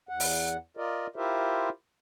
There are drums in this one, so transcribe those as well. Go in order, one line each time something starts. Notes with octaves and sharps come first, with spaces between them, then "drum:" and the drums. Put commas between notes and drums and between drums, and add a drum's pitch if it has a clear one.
E2 F#5
drum: open hi-hat
F4 A#4 D5 D#5
E4 F4 G4 A#4 C5 E5